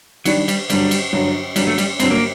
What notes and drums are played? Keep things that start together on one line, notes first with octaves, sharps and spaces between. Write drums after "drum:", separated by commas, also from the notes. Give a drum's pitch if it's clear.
D#3 F#3 G3 D4, drum: cymbal
G3, drum: cymbal
G2 D3 F#3 G3, drum: cymbal
drum: cymbal
G2 D3 F#3
G2 D3 F#3 G3, drum: cymbal
A3
G3, drum: cymbal
G2 D3 F#3 C4, drum: cymbal
A#3